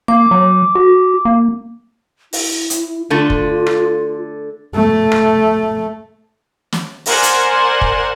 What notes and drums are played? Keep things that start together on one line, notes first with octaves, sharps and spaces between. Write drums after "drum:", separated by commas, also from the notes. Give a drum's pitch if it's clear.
A#3 D6
F#3
F#4
A#3
E4, drum: open hi-hat
drum: hi-hat
D3 A3 F4 A4
drum: kick
drum: rim click
A3
drum: rim click
drum: snare
A#4 C5 D5 F#5 G#5, drum: open hi-hat
drum: hi-hat
drum: kick